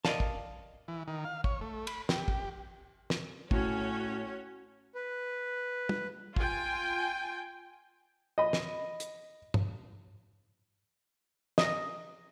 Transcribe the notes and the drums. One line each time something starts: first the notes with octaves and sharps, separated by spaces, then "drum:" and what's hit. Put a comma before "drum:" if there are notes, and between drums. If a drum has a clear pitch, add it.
A#4 B4 D5 D#5 F5 A5, drum: snare
drum: kick
E3
D#3
F5
C#5, drum: kick
A3
B5, drum: cymbal
G4, drum: snare
drum: kick
drum: snare
A2 C#4 F#4 C#5, drum: kick
B4
drum: tom
F4 G5 G#5, drum: kick
D#5 B5
drum: snare
drum: hi-hat
drum: tom G2
D#5, drum: snare